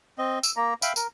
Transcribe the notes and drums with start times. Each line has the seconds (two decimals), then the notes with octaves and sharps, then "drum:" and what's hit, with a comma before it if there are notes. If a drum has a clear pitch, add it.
0.18 C4 D#5
0.43 E6, drum: tambourine
0.57 A#3 A#5
0.82 E5 F5 G5 B5, drum: tambourine
0.96 A#4, drum: tambourine